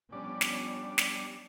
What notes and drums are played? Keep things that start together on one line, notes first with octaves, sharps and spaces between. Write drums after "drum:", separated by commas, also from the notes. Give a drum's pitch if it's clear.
F3 G3 B3 C#4 D4 D5
drum: snare
drum: snare